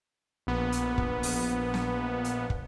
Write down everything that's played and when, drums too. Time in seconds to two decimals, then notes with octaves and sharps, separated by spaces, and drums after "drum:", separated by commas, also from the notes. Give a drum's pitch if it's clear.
0.47 A#1 B3
0.72 drum: hi-hat
0.98 drum: kick
1.23 drum: open hi-hat
1.74 drum: snare
2.24 drum: hi-hat
2.50 drum: kick